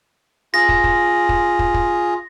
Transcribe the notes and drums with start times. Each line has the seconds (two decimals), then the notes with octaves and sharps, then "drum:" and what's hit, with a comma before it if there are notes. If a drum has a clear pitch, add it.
0.54 F4 G#4 A#6
0.69 drum: kick
0.84 drum: kick
1.29 drum: kick
1.59 drum: kick
1.74 drum: kick